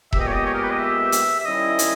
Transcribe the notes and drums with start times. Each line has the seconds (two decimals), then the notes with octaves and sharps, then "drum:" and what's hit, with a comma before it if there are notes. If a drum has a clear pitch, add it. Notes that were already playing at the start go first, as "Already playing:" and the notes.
0.13 A#2 G#3 B3 G4 E5, drum: kick E1
0.20 D#5
0.27 C#5
0.34 D#5
0.46 C#5
0.54 A#4
0.63 B4
0.71 D#5
0.79 E5
1.12 drum: hi-hat
1.40 E5
1.45 D#3 G3 C#4 E4 D#5
1.79 drum: hi-hat